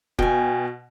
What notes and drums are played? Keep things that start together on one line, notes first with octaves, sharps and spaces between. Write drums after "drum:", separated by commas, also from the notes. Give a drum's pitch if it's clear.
B2 G5 G#5, drum: kick